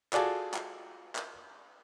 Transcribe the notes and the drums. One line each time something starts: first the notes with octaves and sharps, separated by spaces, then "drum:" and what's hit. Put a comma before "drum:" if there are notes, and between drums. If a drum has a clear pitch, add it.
F4 F#4 G#4 A4 D5 G#5, drum: clap
drum: clap
drum: clap